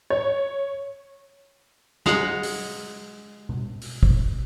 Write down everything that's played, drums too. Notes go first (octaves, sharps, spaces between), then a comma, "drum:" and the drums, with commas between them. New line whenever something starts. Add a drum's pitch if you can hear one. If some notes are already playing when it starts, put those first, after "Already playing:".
C#5
G#3 F5 F#5, drum: snare
drum: open hi-hat
drum: tom B2
drum: open hi-hat
drum: kick